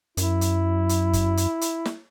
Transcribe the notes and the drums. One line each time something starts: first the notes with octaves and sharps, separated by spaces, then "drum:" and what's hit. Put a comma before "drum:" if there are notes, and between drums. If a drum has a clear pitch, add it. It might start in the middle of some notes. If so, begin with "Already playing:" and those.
F#2 E4, drum: hi-hat
drum: hi-hat
drum: hi-hat
drum: kick, hi-hat
drum: hi-hat
drum: hi-hat
drum: snare